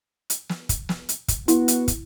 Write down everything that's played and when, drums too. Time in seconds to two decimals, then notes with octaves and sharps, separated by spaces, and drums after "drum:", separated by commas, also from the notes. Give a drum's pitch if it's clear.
0.30 drum: hi-hat
0.49 drum: snare
0.69 drum: kick, hi-hat
0.89 drum: snare
1.09 drum: hi-hat
1.28 drum: kick, hi-hat
1.48 B3 E4 F#4, drum: hi-hat
1.68 drum: hi-hat
1.88 drum: kick, hi-hat